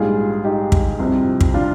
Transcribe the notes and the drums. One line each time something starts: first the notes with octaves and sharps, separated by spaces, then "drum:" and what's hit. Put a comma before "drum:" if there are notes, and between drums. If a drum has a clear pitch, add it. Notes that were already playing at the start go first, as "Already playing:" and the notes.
Already playing: A#1 G#2 G3 F4 G#4
D#4 G4
drum: kick
C2 C3 F3
drum: kick
D4 F4